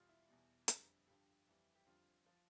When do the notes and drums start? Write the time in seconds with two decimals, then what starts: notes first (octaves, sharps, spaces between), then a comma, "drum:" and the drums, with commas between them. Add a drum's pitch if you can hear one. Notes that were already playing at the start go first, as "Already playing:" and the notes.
Already playing: E2 B2 G3 F4
0.09 E4
0.28 E2 B2 G3
0.68 F2 D3 G3, drum: hi-hat
1.07 G2 D3 F3 G4
1.47 F2 E3 G3
1.75 G4
1.86 F2 D3 G3 F4
2.26 F3